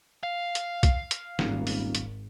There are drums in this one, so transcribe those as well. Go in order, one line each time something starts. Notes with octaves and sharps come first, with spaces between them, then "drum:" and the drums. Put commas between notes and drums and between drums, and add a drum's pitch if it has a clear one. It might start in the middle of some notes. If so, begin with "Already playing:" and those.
F5
drum: hi-hat
drum: kick, hi-hat
drum: hi-hat
D#1 G#1, drum: snare
drum: open hi-hat
drum: hi-hat